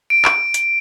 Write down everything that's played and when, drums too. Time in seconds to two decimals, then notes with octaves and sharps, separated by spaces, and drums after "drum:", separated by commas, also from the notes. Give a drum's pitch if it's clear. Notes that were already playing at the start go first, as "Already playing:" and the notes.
0.10 D7
0.25 drum: clap
0.54 drum: hi-hat